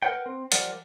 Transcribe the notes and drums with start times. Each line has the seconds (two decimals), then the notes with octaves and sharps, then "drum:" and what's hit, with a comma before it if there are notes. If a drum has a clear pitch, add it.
0.02 A#4 B4 C#5 F#5 G5
0.26 C4
0.52 F3 G3 A#4 D5 F#5, drum: hi-hat